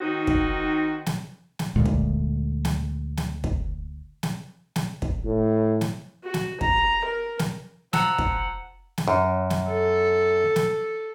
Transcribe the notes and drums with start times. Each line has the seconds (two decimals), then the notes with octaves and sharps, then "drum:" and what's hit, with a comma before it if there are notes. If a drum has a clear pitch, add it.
0.01 D#3 C4 D#4 F#4
0.27 drum: kick
1.06 drum: snare
1.59 drum: snare
1.76 D2 A#2 G#3
1.86 drum: kick
2.65 drum: snare
3.17 drum: snare
3.44 drum: kick
4.23 drum: snare
4.76 drum: snare
5.02 drum: kick
5.25 A2
5.81 drum: snare
6.24 F#4
6.34 drum: snare
6.61 A#5, drum: kick
7.05 A#4
7.39 drum: snare
7.93 F3 F#5 A5 A#5 E6, drum: snare
8.18 drum: kick
8.98 drum: snare
9.08 F#2
9.50 drum: snare
9.70 A4
10.56 drum: snare